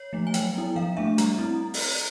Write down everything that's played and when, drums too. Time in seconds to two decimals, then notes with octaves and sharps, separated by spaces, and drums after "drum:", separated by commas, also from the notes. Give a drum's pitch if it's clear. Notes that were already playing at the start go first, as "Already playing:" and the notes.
Already playing: C#5
0.13 F3 A3
0.27 G#5
0.34 F#3 G5, drum: hi-hat
0.55 B3 E4
0.76 F3 F5
0.97 A3 D4 E5
1.18 G3 A#5, drum: hi-hat
1.39 C4 E4
1.74 drum: open hi-hat